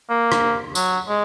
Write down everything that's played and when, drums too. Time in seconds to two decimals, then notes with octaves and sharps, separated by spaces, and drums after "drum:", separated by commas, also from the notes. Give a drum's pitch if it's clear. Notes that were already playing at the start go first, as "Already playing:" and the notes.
0.09 A#3
0.32 drum: rim click
0.75 F#3, drum: tambourine
1.09 G#3